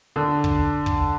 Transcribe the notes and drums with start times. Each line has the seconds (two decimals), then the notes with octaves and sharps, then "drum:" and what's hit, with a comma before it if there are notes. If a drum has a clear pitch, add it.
0.16 D3
0.44 drum: kick
0.86 drum: kick